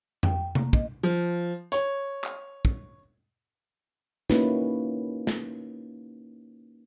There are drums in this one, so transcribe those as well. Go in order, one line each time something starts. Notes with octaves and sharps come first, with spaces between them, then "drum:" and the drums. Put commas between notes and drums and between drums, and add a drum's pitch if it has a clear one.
G5, drum: tom F2
A#3, drum: tom C3
D#5, drum: kick
F3
C#5, drum: hi-hat
drum: clap
drum: kick
A#3 C#4 D#4 E4 F#4 B4, drum: snare
drum: snare